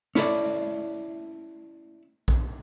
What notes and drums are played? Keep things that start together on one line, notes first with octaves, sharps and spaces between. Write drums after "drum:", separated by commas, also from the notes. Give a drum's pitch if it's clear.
C#4 E4 A4 D5, drum: snare
drum: kick A#1